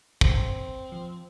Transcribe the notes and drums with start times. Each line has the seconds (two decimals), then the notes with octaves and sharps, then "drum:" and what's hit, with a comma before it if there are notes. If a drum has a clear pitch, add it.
0.21 E2 C4, drum: kick
0.92 F3